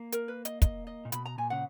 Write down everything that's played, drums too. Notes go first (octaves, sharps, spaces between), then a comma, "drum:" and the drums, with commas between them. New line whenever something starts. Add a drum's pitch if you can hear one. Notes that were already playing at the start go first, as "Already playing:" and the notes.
Already playing: A#3
A#4, drum: hi-hat
B4
D#5, drum: hi-hat
D#5, drum: kick, hi-hat
D#5
A#2
B2 B5, drum: hi-hat
A#5
A#2 G#5
C#3 F#5